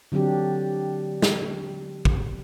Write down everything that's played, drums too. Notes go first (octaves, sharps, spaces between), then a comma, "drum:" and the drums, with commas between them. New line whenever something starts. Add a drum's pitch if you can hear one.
D3 F#3 C4 D4 G4
drum: snare
drum: kick